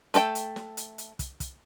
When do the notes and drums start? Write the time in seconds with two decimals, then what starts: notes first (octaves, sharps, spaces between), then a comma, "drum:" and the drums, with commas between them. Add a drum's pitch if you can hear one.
0.14 A3 A4 D5 G5, drum: hi-hat
0.35 drum: hi-hat
0.56 drum: snare
0.77 drum: hi-hat
0.98 drum: hi-hat
1.19 drum: kick, hi-hat
1.40 drum: kick, hi-hat